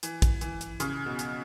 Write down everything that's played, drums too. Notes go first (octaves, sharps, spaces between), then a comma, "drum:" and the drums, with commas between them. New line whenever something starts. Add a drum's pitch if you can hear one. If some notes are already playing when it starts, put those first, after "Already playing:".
E3, drum: hi-hat
drum: kick, hi-hat
E3, drum: hi-hat
drum: hi-hat
C#3, drum: hi-hat
B2
drum: hi-hat